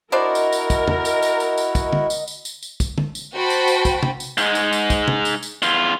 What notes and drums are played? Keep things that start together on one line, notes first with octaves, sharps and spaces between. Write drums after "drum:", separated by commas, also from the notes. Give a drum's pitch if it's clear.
D4 E4 F#4 A#4 C5 D5 D#5
drum: tambourine
drum: tambourine
drum: kick, tambourine
drum: tom
drum: tambourine
drum: tambourine
drum: tambourine
drum: tambourine
drum: kick, tambourine
drum: tom
drum: tambourine
drum: tambourine
drum: tambourine
drum: tambourine
drum: kick, tambourine
drum: tom
drum: tambourine
F#4 C5 G5 A5 B5
drum: tambourine
drum: tambourine
drum: kick, tambourine
drum: tom C3
drum: tambourine
G#2 G#3, drum: tambourine
drum: tambourine
drum: tambourine
drum: kick, tambourine
drum: tom C3
drum: tambourine
drum: tambourine
E2 F4, drum: tambourine